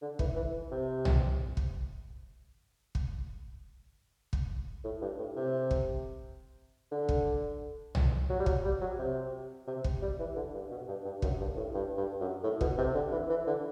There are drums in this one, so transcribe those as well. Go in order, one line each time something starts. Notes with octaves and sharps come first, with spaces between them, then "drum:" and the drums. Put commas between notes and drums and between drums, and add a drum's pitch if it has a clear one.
D3
E3, drum: kick
E3
C3
drum: tom
drum: kick
drum: kick
drum: kick
A2
G2
A2
C3
drum: kick
D3
drum: kick
drum: tom
F#3
G3
F#3, drum: kick
G3
F#3
C3
C3
drum: kick
G3
E3
D3
G2
B2
G2
G2
F#2, drum: kick
G2
A2
G2
G2
F#2
A2
B2, drum: kick
C3
D3
E3
E3
D3